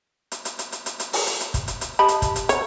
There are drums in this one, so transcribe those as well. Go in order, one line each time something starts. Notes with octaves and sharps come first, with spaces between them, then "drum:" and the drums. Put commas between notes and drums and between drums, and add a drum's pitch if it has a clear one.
drum: hi-hat
drum: hi-hat
drum: hi-hat
drum: hi-hat
drum: hi-hat
drum: hi-hat
drum: open hi-hat
drum: hi-hat
drum: hi-hat
drum: kick, hi-hat
drum: hi-hat
drum: hi-hat
G4 D#5 A5 B5
drum: hi-hat
drum: kick, hi-hat
drum: hi-hat
C#5, drum: hi-hat